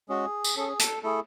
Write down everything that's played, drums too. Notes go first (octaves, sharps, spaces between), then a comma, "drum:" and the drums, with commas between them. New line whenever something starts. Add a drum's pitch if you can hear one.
G#3 C#4 F#4 G#4
drum: tambourine
C#4 G#4 A4
G#4
A4, drum: hi-hat
A3 E4 G#4 A4